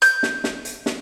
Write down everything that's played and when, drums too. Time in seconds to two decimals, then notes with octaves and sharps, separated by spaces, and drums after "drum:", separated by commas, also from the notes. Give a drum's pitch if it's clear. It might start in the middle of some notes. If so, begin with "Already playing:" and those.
0.02 G6, drum: hi-hat
0.23 drum: snare
0.44 drum: snare
0.65 drum: hi-hat
0.86 drum: snare